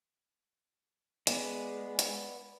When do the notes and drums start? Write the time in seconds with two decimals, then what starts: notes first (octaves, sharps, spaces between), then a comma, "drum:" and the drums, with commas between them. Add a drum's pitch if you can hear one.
1.27 G#3 B3 D5, drum: hi-hat
1.99 drum: hi-hat